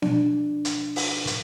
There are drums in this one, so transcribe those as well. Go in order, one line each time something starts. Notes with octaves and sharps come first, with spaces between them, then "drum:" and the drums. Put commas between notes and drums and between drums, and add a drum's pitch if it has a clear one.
B2 F3 D4, drum: snare B3
drum: hi-hat
drum: open hi-hat
drum: hi-hat